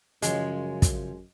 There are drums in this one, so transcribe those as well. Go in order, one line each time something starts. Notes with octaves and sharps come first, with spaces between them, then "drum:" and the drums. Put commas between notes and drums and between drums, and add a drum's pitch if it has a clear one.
F#2 C#3 F3 G#3 C#4, drum: hi-hat
drum: kick, hi-hat